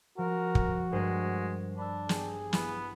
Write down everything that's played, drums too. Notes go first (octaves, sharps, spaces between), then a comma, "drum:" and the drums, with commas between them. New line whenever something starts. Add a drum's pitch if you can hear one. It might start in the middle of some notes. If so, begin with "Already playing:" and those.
F3 F#4 A#4
drum: kick
G2 G#3 A#4 C5
D4 B5 E6
G4 G#4, drum: snare
B3 E4, drum: snare